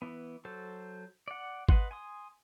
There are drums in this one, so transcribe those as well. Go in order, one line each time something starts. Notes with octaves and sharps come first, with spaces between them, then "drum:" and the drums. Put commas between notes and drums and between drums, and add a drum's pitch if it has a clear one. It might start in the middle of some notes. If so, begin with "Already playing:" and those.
E3 B3
F#3 A4 C5
D5 F#5
B4 D#5 F#5 C6, drum: kick G#1
G#5 C6 D#6